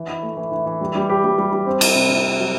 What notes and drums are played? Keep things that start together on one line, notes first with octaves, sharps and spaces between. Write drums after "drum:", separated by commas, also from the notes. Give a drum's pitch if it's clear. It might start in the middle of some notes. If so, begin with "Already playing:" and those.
Already playing: E3
E4
A3
E3
E3
E3
G3
G3
G4
G3
G3
G3
C4
E4, drum: cymbal
C3
C3
C4
F#3